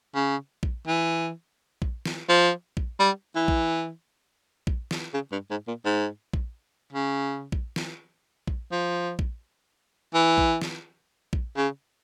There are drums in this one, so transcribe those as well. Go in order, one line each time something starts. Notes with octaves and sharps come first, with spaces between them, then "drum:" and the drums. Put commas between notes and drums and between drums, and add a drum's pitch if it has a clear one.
C#3
drum: kick A#1
E3
drum: kick A#1
drum: snare
F3
drum: kick A#1
G3
E3
drum: kick A#1
drum: kick A#1
drum: snare
C#3
G2
G#2
A#2
G#2
drum: kick A#1
C#3
drum: kick A#1
drum: snare
drum: kick A#1
F3
drum: kick A#1
E3
drum: kick A#1
drum: snare
drum: kick A#1
C#3